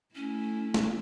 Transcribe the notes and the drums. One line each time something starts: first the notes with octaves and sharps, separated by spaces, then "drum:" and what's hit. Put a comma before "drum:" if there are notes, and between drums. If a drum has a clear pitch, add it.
A3 C#4 E4
drum: snare